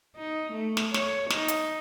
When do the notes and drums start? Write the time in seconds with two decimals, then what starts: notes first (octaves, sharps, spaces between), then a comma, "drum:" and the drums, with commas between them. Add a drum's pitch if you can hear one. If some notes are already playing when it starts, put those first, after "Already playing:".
0.17 D#4
0.53 A3
0.77 drum: snare
0.94 C#5, drum: snare
1.30 D#4, drum: snare
1.48 drum: hi-hat